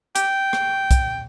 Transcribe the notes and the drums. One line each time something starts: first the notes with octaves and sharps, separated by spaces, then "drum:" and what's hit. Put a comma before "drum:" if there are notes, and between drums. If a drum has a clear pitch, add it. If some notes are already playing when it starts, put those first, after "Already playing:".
G5, drum: hi-hat
drum: rim click
drum: kick, hi-hat